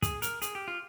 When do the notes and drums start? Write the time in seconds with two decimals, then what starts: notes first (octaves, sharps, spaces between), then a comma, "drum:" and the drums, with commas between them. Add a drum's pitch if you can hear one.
0.03 G#4, drum: kick, hi-hat
0.22 A#4, drum: hi-hat
0.42 G#4, drum: hi-hat
0.55 G4
0.68 F4